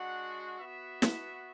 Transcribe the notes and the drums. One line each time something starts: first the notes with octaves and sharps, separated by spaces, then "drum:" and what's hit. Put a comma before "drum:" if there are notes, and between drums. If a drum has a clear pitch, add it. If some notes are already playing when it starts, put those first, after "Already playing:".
Already playing: G#3 D4 F#4 F#5
B3 F#4 E5
drum: snare